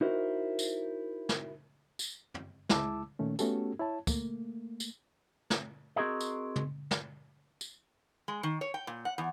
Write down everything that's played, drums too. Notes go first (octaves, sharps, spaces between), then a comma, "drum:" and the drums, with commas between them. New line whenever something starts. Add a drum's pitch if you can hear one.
D#4 E4 F#4 A#4 C5
drum: tambourine
drum: snare
drum: tambourine
drum: tom
C#2 G#3 E4 A5 D6 E6, drum: snare
A#2 D#3 A3 C#4
A3 B3 C#4 F#4 G4 A4, drum: tambourine
E4 C#5 A5
A3 A#3, drum: kick, tambourine
drum: tambourine
drum: snare
C4 F#4 G#4 A#4 D#5
drum: tambourine
drum: tom
drum: snare
drum: tambourine
G#3
D#3
C#5
G5
A#2
F#5
E2